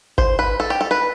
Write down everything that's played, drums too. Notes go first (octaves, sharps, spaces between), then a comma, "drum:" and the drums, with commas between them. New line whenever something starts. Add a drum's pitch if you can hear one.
C5, drum: kick
B4
A4
G4
A4
B4